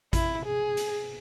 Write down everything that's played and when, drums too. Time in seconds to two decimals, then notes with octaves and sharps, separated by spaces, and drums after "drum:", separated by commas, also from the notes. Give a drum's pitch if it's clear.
0.13 E4, drum: kick A1, hi-hat
0.45 G#4
0.77 drum: hi-hat